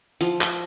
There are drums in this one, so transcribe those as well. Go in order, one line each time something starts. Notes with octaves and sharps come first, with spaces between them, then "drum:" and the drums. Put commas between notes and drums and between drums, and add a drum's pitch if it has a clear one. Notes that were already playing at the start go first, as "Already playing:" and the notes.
F3, drum: hi-hat
drum: clap